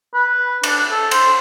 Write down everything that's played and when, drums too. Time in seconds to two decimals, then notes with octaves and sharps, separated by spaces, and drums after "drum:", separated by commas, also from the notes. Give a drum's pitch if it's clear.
0.14 B4
0.64 D4, drum: cymbal
0.91 A4
1.11 C5, drum: cymbal